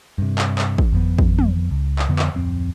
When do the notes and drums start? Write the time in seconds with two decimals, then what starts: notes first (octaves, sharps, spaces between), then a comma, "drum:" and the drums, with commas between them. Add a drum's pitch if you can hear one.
0.18 G2 C3
0.38 drum: clap
0.58 drum: clap
0.78 drum: kick
0.93 F2 F3 B3
1.19 drum: kick
1.39 drum: tom
1.71 C#2
1.99 drum: clap
2.09 F2 D3 F3 B3
2.19 drum: clap
2.34 D1 F2 C4